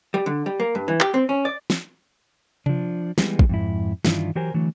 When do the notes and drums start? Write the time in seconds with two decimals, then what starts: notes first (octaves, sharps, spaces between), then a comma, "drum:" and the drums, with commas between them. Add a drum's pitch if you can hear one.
0.14 G3
0.26 D3
0.46 G3
0.60 A#3
0.75 G2
0.88 E3
1.01 G4, drum: clap
1.14 C4
1.29 C#4
1.45 D5
1.70 drum: snare
2.66 F3 D4, drum: tom C3
3.18 E3 G3 G#3 B3, drum: snare
3.39 drum: kick
3.49 F2 G#2 E4
4.05 G2 D#3 E3 D4 E4 F4, drum: snare
4.35 E3 F#3 G4 A#4 C5 G#5
4.54 D3 E3 F#3 A3